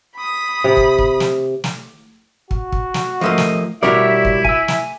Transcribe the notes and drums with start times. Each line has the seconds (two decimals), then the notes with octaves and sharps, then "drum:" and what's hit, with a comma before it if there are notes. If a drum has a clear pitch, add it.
0.16 B5 D#6
0.64 C3
0.77 drum: kick
0.98 drum: kick
1.20 drum: snare
1.64 drum: snare
2.51 F#4, drum: kick
2.72 drum: kick
2.94 drum: snare
3.21 F3 A3 A#3 D#5
3.38 drum: snare
3.83 B2 G3 E4 F#4 A#4 C#5 D5 E5
4.25 drum: kick
4.45 E5 G#5 E6, drum: kick
4.68 drum: snare